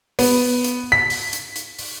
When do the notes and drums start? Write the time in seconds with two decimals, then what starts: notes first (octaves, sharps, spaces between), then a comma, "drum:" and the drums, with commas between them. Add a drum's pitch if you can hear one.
0.19 B3, drum: open hi-hat
0.64 drum: hi-hat
0.92 B6
1.10 drum: open hi-hat
1.33 drum: hi-hat
1.56 drum: hi-hat
1.79 drum: open hi-hat